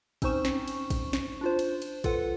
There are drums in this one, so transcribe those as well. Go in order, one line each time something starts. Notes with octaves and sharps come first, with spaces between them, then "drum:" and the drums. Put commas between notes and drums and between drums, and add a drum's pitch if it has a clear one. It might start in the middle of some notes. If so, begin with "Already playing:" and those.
C4 C#4 D#4 C5 C#6 E7, drum: kick, cymbal
drum: snare
drum: cymbal
drum: kick, cymbal
drum: snare
D4 F4 C5
drum: cymbal
drum: cymbal
F4 A4 B4 F#5, drum: kick, cymbal